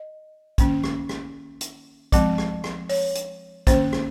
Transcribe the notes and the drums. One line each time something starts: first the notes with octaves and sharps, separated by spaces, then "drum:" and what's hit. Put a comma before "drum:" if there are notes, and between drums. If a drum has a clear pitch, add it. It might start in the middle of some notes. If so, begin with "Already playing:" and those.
Already playing: D#5
D#3 A#3 C#4, drum: kick, hi-hat
drum: rim click
drum: rim click
drum: hi-hat
F3 G#3 C4, drum: kick, hi-hat
drum: rim click
drum: rim click
C#5, drum: open hi-hat
drum: hi-hat
D#3 A#3 C#4 C5, drum: kick, hi-hat
drum: rim click